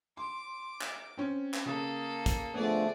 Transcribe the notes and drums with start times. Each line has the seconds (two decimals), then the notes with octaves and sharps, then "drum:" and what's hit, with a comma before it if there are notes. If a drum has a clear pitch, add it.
0.17 C6 D6
0.81 drum: clap
1.17 C4 C#4
1.54 drum: clap
1.66 C#3 A#3 A4
2.26 drum: kick, hi-hat
2.54 D3 F3 A3 B3 G#4 D5